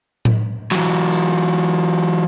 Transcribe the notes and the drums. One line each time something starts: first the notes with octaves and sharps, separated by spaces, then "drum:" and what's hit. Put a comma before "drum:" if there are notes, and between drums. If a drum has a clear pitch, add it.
drum: tom A2
E3 F#3, drum: clap
drum: tambourine